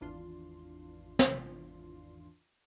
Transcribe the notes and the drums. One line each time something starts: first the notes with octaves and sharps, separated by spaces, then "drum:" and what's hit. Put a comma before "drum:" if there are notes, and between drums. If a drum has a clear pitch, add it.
G#1 E2 E3 D4 F4 C6
drum: snare